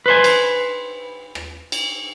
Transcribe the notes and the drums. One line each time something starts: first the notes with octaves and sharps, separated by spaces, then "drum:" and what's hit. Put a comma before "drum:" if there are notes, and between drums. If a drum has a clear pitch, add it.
B4 C5 G#5
drum: cymbal
drum: rim click
drum: cymbal